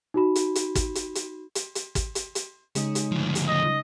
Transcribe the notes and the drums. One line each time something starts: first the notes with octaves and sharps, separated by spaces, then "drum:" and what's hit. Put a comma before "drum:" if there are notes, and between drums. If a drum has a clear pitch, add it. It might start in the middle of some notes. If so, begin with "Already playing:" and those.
D#4 F#4 B5
drum: hi-hat
drum: hi-hat
drum: kick, hi-hat
drum: hi-hat
drum: hi-hat
drum: hi-hat
drum: hi-hat
drum: kick, hi-hat
drum: hi-hat
drum: hi-hat
C#3 G#3 D#4, drum: hi-hat
drum: hi-hat
D2 F3
drum: hi-hat
D#5